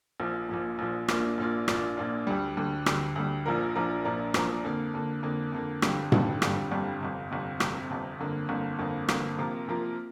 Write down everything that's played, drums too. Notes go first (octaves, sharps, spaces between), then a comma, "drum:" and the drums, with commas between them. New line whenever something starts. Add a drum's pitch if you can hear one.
A#1 A#2 F3
A#1 A#2 F3
A#1 A#2 F3
A#1 A#2 A#3 D4 F4, drum: rim click
A#1 A#2 A#3 D4 F4
A#1 A#2 A#3 D4 F4, drum: rim click
A#1 A#2 A#3 D4 F4
D2 D3 G3
D2 D3 G3
D2 D3 G3, drum: rim click
D2 D3 G3
A#1 A#2 F3 D4 A#4
A#1 A#2 F3 D4 A#4
A#1 A#2 F3 D4 A#4
A#1 A#2 F3 D4 A#4, drum: rim click
F2 D3 A#3
F2 D3 A#3
F2 D3 A#3
F2 D3 A#3
G1 F2 D3 G3, drum: rim click
G1 F2 D3 G3, drum: tom G#2
G1 F2 D3 G3, drum: rim click
G1 F2 D3 G3
G1 F2 C3
G1 F2 C3
G1 F2 C3, drum: rim click
G1 F2 C3
G1 F2 D3 A#3
G1 F2 D3 A#3
G1 F2 D3 A#3
G1 F2 D3 A#3, drum: rim click
C3 F3 A#3 F4 A#4
C3 F3 A#3 F4 A#4